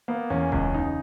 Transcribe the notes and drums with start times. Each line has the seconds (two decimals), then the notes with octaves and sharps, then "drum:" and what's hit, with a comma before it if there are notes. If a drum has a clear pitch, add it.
0.08 A#3 B3
0.30 E2 C#4
0.52 C#2 C#4, drum: kick D#1
0.74 C#3 D#4